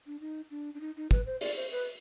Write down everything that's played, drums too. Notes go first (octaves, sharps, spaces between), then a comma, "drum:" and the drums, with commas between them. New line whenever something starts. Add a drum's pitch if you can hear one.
D4
D#4
D4
D4
D#4
D#4
B4, drum: kick
C5
D5, drum: open hi-hat
C5
B4